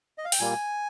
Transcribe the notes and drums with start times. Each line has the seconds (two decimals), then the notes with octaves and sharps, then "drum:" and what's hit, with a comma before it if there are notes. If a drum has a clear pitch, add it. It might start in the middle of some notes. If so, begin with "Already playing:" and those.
0.18 D#5
0.25 F5
0.32 G5, drum: open hi-hat
0.39 A#2 G3 A#3 G#5